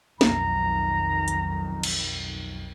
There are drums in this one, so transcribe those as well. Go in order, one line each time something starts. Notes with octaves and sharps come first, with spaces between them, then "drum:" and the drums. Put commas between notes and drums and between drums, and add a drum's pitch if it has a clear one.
B1 F2 D#3 A#5, drum: snare
drum: hi-hat
drum: cymbal